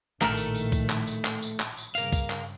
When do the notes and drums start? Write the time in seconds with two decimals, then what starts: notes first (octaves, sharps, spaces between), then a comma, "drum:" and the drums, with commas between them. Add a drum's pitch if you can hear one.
0.22 A#1 A2 D#3 A3 A4 A#4, drum: clap
0.37 drum: tambourine
0.55 drum: tambourine
0.72 drum: kick C2, tambourine
0.90 drum: clap
1.07 drum: tambourine
1.25 drum: clap
1.42 drum: tambourine
1.60 drum: clap
1.77 drum: tambourine
1.95 G2 C#3 A#4 F5, drum: tambourine
2.12 drum: kick C2, tambourine
2.30 drum: clap